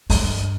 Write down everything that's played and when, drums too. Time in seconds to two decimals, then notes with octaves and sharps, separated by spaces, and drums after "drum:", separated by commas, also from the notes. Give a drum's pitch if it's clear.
0.10 G2, drum: open hi-hat